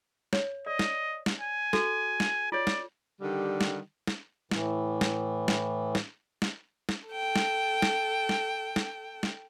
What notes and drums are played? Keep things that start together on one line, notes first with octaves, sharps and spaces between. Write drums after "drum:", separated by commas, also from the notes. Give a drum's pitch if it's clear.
C#5, drum: snare
D5 D#5
drum: snare
drum: snare
G#5
F#4 A4, drum: snare
drum: snare
F4 C#5 D5
drum: snare
D3 D#3 G3
drum: snare
drum: snare
A2 E3, drum: snare
drum: snare
drum: snare
drum: snare
drum: snare
drum: snare
A4 G5
drum: snare
drum: snare
drum: snare
drum: snare
drum: snare